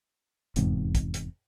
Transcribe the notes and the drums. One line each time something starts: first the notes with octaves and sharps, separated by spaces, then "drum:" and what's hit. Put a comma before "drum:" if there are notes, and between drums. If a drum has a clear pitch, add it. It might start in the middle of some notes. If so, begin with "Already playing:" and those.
F1 E2 G#2 C3, drum: hi-hat
drum: kick, hi-hat
drum: hi-hat